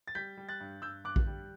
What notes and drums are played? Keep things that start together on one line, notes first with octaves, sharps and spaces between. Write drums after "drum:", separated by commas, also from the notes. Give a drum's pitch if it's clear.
A6
G3 G6 B6
G3
F#6 A6
G2
G2 E6 G6
G2 D6 F#6
drum: kick A#1
G3